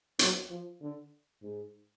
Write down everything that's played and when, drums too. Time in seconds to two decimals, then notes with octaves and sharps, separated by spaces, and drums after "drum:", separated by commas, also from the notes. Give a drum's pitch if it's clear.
0.19 F#3, drum: hi-hat
0.50 F3
0.81 D3
1.42 G#2